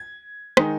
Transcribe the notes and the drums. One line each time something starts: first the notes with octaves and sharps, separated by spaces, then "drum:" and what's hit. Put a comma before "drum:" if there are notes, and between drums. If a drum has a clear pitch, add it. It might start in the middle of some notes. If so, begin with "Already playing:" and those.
Already playing: G#6
D#3 G#3 D#4, drum: rim click